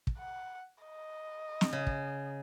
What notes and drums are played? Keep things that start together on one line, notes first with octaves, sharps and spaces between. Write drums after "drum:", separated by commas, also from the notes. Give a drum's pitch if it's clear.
drum: kick
F#5
D#5
drum: snare
C#3
drum: kick